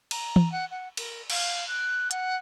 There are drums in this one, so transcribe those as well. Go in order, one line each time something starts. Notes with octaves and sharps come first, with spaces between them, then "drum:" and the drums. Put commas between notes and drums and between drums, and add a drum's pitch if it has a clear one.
A#5, drum: cymbal
drum: tom
F#5
F#5
A#4, drum: cymbal
F5, drum: cymbal
F#6
F#5, drum: hi-hat